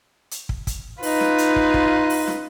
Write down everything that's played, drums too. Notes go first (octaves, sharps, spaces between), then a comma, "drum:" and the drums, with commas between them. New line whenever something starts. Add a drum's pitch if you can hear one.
drum: hi-hat
drum: kick
drum: kick, hi-hat
D#4 F4 B4, drum: open hi-hat
drum: snare
drum: hi-hat
drum: kick
drum: kick
drum: open hi-hat
drum: snare